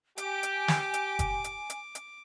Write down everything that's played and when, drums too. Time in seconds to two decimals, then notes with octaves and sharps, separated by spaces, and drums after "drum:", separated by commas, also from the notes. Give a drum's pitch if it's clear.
0.18 G4 G#5 D6, drum: hi-hat
0.43 drum: hi-hat
0.68 drum: snare
0.94 drum: hi-hat
1.19 drum: kick F#1, hi-hat
1.44 drum: hi-hat
1.70 drum: hi-hat
1.95 drum: hi-hat